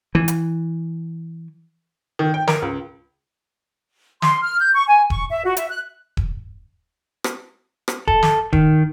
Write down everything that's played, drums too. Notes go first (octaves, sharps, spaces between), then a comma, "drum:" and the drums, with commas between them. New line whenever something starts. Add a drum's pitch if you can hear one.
E3
drum: hi-hat
D#3
G5
A#4, drum: snare
C#2
C6, drum: snare
F6
G6
C#6
G#5
C#6, drum: kick D#1
E5
F#4
E5, drum: hi-hat
F#6
drum: kick D#1
drum: rim click
drum: rim click
A4, drum: kick D#1
drum: snare
D#3, drum: kick D#1